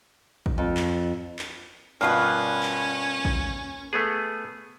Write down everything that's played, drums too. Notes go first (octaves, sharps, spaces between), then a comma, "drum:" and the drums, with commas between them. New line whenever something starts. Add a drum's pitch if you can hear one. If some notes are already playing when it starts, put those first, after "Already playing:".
drum: kick
F2
drum: clap
drum: clap
G2 B2 A#3 C#4 F4 B4
drum: clap
drum: kick
A3 B3 G#4